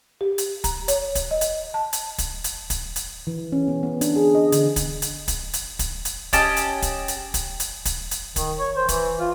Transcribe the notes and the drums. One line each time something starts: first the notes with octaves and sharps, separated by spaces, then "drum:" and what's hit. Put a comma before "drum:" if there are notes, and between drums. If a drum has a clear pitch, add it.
G4
drum: hi-hat
A#5, drum: kick, hi-hat
C#5, drum: hi-hat
drum: kick, hi-hat
D#5
drum: hi-hat
A5
drum: hi-hat
drum: kick, hi-hat
drum: hi-hat
drum: kick, hi-hat
drum: hi-hat
E3
C#4
B3
B3
D4, drum: hi-hat
G#4
D#5
D3, drum: hi-hat
drum: kick, hi-hat
drum: hi-hat
drum: kick, hi-hat
drum: hi-hat
drum: kick, hi-hat
drum: hi-hat
C#4 G4 D#5 A5, drum: kick, hi-hat
drum: hi-hat
drum: kick, hi-hat
drum: hi-hat
drum: kick, hi-hat
drum: hi-hat
drum: kick, hi-hat
drum: hi-hat
D#3, drum: kick, hi-hat
C#5
C5
E3, drum: kick, hi-hat
F4